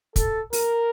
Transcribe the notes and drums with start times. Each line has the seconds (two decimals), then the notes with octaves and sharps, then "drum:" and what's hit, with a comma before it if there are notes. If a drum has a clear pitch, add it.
0.16 A4, drum: kick, hi-hat
0.53 A#4, drum: open hi-hat